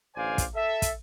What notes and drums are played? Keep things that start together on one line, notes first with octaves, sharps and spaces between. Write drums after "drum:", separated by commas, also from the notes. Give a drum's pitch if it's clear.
A1 D3 C5 D5 F5 G#5
drum: kick, hi-hat
A4 E5
drum: kick, hi-hat